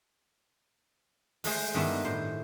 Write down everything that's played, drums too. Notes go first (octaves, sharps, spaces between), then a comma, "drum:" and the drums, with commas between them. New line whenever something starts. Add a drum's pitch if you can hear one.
G#3 A3 G#4 C5, drum: open hi-hat
G2 D#3 B3 D4 E4
A2 C5